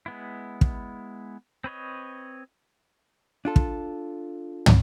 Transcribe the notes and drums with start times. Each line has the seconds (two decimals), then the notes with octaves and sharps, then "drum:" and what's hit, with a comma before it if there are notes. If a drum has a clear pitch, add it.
0.06 G#3 B3 E4
0.61 drum: kick
1.64 C4 B4 C#5 D#5
3.45 D4 F4 A4
3.56 drum: kick
4.66 drum: tom